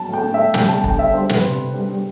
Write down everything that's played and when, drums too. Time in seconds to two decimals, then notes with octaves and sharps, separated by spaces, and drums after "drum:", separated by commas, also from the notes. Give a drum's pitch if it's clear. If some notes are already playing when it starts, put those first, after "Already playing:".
Already playing: F#3 A5
0.09 A2 G5
0.24 A3
0.34 E5
0.39 A2
0.54 G3 G5, drum: snare
0.69 G3 A5
0.84 D3 G5, drum: kick
0.99 D3 E5
1.14 G3 C5
1.29 G3, drum: snare
1.35 B4
1.44 C3
1.59 C3
1.74 G3
1.89 G3